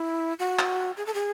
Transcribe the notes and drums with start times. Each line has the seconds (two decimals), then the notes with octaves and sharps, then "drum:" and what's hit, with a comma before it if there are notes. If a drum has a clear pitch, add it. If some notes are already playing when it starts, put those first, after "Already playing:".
Already playing: E4
0.39 F#4
0.59 drum: clap
0.97 G#4
1.06 A4
1.14 G#4